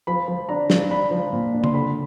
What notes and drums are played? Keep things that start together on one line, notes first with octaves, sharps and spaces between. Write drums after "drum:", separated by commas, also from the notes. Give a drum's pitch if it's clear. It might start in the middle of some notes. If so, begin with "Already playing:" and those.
F3 B5
F3
D4 A#5
F3, drum: snare
D4 B5
F3
A#2
D4
C6, drum: tom
D3 B5